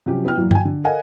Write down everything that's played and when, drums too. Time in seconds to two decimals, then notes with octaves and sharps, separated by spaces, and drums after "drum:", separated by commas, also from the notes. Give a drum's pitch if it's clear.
0.06 C3 F3 F#3 C#4 G4
0.25 B3 E4 G5 F6
0.37 F#2 A#2 E3 F#3
0.51 G5 G#5, drum: tom G2
0.65 D3
0.84 A4 A#4 D#5 F5 F#5 G#5